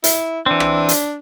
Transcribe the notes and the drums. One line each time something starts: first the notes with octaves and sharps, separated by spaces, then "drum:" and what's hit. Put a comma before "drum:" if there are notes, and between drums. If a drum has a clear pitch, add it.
E4, drum: hi-hat
E3 C4 D4
drum: rim click
drum: hi-hat